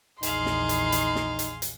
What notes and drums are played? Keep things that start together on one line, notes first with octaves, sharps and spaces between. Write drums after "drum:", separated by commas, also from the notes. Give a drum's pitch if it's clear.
A#1 E2 D#4 G#4 F5 C6, drum: hi-hat
drum: snare
drum: hi-hat
drum: hi-hat
drum: snare
drum: hi-hat
drum: hi-hat